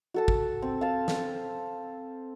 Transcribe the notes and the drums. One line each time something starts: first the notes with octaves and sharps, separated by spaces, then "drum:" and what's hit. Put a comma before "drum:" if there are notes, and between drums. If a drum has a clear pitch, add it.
F#4 A4 A5
drum: kick
C4
F5 A5
drum: snare